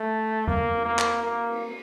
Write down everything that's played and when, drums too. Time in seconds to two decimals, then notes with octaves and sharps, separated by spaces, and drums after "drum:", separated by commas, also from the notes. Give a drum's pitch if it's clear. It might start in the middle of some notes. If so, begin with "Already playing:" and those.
Already playing: A3
0.47 A#3, drum: tom E2
0.73 drum: cymbal
0.86 A#3
0.99 drum: clap
1.24 A#3
1.50 drum: cymbal